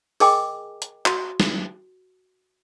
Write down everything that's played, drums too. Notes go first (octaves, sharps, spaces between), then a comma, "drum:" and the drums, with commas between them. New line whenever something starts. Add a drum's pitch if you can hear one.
G#4 A#4 D#5 G5 G#5 D6, drum: open hi-hat
drum: hi-hat
F#4, drum: clap
drum: snare